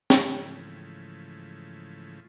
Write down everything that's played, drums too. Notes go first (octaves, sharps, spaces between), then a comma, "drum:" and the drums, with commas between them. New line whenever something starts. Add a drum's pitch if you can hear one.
G#2 C#3 E3 F3 A3, drum: snare